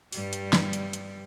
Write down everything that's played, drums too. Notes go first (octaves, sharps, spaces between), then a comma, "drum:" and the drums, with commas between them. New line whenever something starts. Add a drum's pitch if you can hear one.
G2 G3, drum: open hi-hat
drum: hi-hat
drum: snare
drum: hi-hat
drum: hi-hat